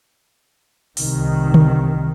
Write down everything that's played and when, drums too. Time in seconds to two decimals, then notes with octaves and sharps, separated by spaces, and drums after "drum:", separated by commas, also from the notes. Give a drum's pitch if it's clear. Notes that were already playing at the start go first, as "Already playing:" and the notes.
0.97 C2 D#3, drum: open hi-hat
1.54 drum: tom D3